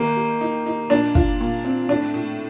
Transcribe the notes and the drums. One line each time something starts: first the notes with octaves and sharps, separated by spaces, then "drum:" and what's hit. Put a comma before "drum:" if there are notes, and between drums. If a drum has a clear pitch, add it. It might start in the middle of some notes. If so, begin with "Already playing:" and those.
Already playing: D#3 A#3 G4
G4
D#4
D#4
A#2 D4
F4, drum: kick
A#2
C4
A2 D4
A2